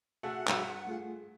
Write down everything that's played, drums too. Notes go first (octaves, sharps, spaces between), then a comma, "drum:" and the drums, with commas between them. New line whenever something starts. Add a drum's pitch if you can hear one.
A3 F#4 G#4 E5 F#5
G2 E6, drum: clap
A3 F4 G#4